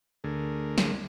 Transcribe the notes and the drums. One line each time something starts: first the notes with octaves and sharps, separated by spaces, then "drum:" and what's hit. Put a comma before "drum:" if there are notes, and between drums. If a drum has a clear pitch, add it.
D2 D3 A3 G#4 A#4
drum: snare